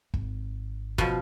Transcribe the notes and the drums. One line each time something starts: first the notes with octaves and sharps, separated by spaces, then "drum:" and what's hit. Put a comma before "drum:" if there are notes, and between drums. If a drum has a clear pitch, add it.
G#1, drum: kick
B2 F3, drum: kick